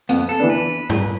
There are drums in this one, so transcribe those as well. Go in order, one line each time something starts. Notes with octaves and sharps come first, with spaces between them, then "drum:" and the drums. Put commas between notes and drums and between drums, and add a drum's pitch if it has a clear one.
F2 B3, drum: hi-hat
A4
E3 B3 D4
B4
drum: tom G2